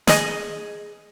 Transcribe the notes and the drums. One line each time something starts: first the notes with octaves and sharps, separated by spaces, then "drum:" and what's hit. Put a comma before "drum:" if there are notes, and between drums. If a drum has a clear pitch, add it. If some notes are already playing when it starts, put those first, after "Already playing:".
G#4 D#5, drum: snare